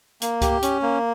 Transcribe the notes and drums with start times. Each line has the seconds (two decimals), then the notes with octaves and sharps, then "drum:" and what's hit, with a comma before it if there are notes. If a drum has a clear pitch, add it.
0.22 A#3, drum: hi-hat
0.42 G4, drum: kick C#2, hi-hat
0.63 C#4, drum: hi-hat
0.82 A#3